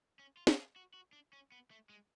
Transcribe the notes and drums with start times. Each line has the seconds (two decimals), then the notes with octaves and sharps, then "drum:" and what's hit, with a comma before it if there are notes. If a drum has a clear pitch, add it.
0.19 C#4
0.37 F4
0.47 drum: snare
0.57 G#4
0.76 F#4
0.94 F#4
1.13 D4
1.33 C#4
1.52 B3
1.71 A3
1.89 G#3